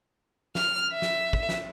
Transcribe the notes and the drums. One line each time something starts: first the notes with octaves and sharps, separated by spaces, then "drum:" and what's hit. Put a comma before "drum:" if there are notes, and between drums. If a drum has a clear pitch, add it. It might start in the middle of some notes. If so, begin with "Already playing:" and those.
F6, drum: snare
E5
drum: snare
drum: kick
drum: snare